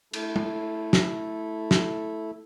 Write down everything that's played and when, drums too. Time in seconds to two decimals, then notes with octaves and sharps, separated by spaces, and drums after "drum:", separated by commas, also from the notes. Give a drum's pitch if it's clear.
0.14 A3 E4 A4, drum: cymbal
0.36 drum: tom
0.93 drum: snare
1.71 drum: snare